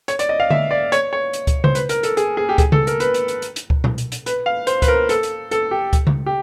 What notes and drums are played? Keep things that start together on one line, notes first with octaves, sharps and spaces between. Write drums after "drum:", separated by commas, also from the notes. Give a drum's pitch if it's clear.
C#5, drum: hi-hat
D5, drum: hi-hat
D#5
F5
E5, drum: tom D3
D5
C#5, drum: hi-hat
C#5
drum: hi-hat
drum: kick C#2, hi-hat
C5, drum: tom C#3
B4, drum: hi-hat
A#4, drum: hi-hat
A4, drum: hi-hat
G#4, drum: hi-hat
G#4
G4
G#4, drum: kick C#2, hi-hat
A4, drum: tom C#3
A#4, drum: hi-hat
B4, drum: hi-hat
drum: hi-hat
drum: hi-hat
drum: hi-hat
drum: hi-hat
drum: kick C#2
drum: tom A#2
drum: hi-hat
drum: hi-hat
B4, drum: hi-hat
F5
C5, drum: hi-hat
B4, drum: kick C#2, hi-hat
A#4
A4, drum: hi-hat
drum: hi-hat
A4, drum: hi-hat
G4
drum: kick C#2, hi-hat
drum: tom C#3
G4